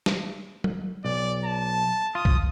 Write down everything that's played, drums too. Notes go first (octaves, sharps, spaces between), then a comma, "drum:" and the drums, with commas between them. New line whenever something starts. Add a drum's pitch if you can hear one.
drum: snare
drum: tom F#3
B1 D5
A5
F4 D#6
drum: kick